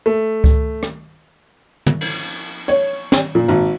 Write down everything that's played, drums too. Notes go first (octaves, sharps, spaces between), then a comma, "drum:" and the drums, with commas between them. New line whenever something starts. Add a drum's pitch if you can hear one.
A3
drum: kick C#2
drum: rim click
drum: tom
drum: cymbal
C#5, drum: hi-hat
drum: snare
A#2
G#1, drum: hi-hat